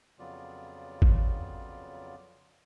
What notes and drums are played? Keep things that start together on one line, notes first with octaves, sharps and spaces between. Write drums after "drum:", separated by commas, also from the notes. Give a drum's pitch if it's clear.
F2 C#3 F#3 B3 F4 D5
drum: kick